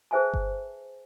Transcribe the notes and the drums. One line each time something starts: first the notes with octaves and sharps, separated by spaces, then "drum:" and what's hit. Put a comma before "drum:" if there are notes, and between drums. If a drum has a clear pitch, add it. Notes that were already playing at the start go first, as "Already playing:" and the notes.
G#4 B4 C5 E5 G#5 A5
drum: kick G1